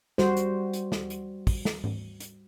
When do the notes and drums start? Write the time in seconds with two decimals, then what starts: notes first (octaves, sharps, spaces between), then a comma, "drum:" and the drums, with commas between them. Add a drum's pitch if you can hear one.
0.18 G3 F#4 C5, drum: snare
0.37 drum: hi-hat
0.73 drum: hi-hat
0.92 drum: snare
1.10 drum: hi-hat
1.47 drum: kick, open hi-hat
1.65 drum: snare
1.84 drum: tom G#2
2.20 drum: hi-hat